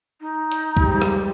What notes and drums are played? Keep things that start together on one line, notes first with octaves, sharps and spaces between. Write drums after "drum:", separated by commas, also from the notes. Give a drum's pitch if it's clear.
D#4
drum: hi-hat
F3 G3 G#3, drum: kick
drum: rim click